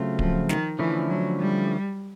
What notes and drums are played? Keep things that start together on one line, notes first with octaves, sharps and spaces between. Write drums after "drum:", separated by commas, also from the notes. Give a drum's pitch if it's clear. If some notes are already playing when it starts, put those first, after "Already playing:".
Already playing: C#3 F#3 A3 C4 F4
F3, drum: kick D1
D#3, drum: snare
D3 E3 F3 A3 C#4 E4
F#3
G3